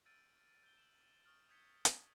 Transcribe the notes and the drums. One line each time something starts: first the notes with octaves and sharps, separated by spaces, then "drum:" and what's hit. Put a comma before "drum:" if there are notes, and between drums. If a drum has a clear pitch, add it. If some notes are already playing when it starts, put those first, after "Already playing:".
E6 F6 G6 A6 D7 D#7
G6 G7
E7 F#7
C#6 D#6 F6 A6 F#7
D#6 F6 G6 G#6 B6 C#7
drum: hi-hat